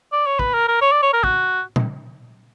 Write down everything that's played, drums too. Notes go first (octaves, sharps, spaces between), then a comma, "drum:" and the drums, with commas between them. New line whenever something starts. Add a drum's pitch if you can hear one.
D5
C#5
B4, drum: kick
A#4
A#4
C#5
D5
C#5
A#4
F#4, drum: kick
drum: tom A#2